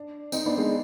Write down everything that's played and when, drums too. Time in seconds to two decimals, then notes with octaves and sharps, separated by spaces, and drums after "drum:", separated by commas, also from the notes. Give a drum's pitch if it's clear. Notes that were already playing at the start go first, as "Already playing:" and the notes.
Already playing: D4
0.32 C4 D#4, drum: tambourine
0.46 B3 D4
0.57 G#3 C4